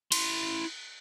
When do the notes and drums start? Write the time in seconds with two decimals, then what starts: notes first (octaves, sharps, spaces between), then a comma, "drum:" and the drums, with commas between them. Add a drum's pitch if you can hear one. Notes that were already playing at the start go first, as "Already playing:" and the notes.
0.12 E4 C6, drum: cymbal